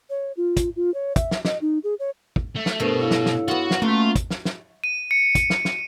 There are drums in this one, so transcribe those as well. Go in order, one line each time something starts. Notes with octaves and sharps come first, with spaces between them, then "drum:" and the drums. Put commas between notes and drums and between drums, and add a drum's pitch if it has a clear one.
C#5
F4
drum: kick, hi-hat
F4
C#5
E5, drum: kick, hi-hat
drum: snare
D#5, drum: snare
D#4
G#4
C#5
drum: kick
A3
drum: snare
G2 B2 A3 A#4 C5
E4 C#5 F5
drum: snare
drum: snare
B3 F4 F#4
drum: snare
A3 A#3 C#4 F4 F#4
drum: kick, hi-hat
drum: snare
drum: snare
D#7
C#7
drum: kick, hi-hat
drum: snare
drum: snare